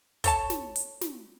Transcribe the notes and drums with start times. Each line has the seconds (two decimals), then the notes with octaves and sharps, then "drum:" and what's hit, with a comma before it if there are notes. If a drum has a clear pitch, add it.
0.24 A4 C#5 A5, drum: kick, hi-hat
0.50 drum: snare
0.76 drum: hi-hat
1.01 drum: snare